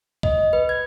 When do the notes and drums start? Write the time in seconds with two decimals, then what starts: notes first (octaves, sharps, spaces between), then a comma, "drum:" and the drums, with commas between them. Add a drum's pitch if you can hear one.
0.23 D#5, drum: kick
0.53 B4
0.69 G#6